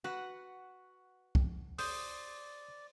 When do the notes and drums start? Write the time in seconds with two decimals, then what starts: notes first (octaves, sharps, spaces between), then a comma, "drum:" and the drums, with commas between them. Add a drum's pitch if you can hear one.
0.04 F#4 B4 F#5
1.35 drum: kick
1.78 C5 D5 D#6, drum: open hi-hat